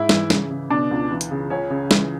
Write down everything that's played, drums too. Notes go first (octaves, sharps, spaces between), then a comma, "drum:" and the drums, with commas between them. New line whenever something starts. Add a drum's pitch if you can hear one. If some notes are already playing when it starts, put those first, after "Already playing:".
Already playing: G#2 E4
E3, drum: snare
C#3, drum: snare
C#3
B2 D4
C#2
E3
drum: hi-hat
C#3
C#2 C#4
C#3
E3, drum: snare